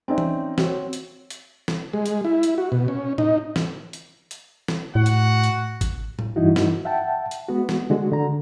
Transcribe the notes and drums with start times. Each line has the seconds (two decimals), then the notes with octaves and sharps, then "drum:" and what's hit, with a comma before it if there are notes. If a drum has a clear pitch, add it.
0.08 C4 C#4 D#4 D5 E5
0.18 drum: tom E3
0.58 C4 F#4 C#5, drum: snare
0.93 drum: hi-hat
1.30 drum: hi-hat
1.68 drum: snare
1.93 G#3
2.06 drum: hi-hat
2.25 E4
2.43 drum: hi-hat
2.58 F#4
2.72 B2
2.88 C#4
3.18 D#4, drum: tom A2
3.56 drum: snare
3.93 drum: hi-hat
4.31 drum: hi-hat
4.68 drum: snare
4.95 A2 F#4 F#5
5.06 drum: hi-hat
5.44 drum: hi-hat
5.81 drum: kick G#1, hi-hat
6.19 drum: tom A2
6.36 G2 E3 D#4 E4 F#4
6.56 drum: snare
6.85 E5 F#5 G5 A5
7.31 drum: hi-hat
7.48 G#3 B3 F#4
7.69 drum: snare
7.90 D3 G#3 F#4
8.11 D3 A#5